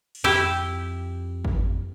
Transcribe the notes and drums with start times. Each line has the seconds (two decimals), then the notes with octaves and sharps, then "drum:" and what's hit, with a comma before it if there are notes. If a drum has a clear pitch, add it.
0.15 drum: cymbal
0.24 F2 E4 G4
1.45 drum: kick G#1